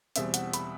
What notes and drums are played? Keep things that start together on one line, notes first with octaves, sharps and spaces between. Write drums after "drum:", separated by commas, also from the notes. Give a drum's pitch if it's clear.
E2 B2 G3 C4 E5, drum: hi-hat
F#5, drum: hi-hat
B5, drum: hi-hat